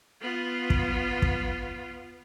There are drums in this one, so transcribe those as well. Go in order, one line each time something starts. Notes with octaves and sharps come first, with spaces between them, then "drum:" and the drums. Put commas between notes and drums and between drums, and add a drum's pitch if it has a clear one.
B3 F4
drum: kick
drum: kick